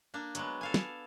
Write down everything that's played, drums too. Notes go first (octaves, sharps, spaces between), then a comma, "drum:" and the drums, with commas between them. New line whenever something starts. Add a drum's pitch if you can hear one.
A#3 D4
F#3 G#3 B3, drum: hi-hat
A4 F5 G#5
drum: snare